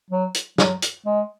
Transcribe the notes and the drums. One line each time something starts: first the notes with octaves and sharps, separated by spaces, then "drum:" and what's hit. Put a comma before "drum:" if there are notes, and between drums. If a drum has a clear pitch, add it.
F#3
drum: hi-hat
F#3, drum: snare
drum: hi-hat
G#3